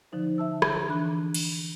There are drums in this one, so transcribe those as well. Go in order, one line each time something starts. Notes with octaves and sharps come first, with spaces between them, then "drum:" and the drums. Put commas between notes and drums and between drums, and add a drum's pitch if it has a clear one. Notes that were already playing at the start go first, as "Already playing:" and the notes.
D3 F3 D#4 C5
E5 A5 E6
drum: rim click
E3 D4 B5 F#6
drum: cymbal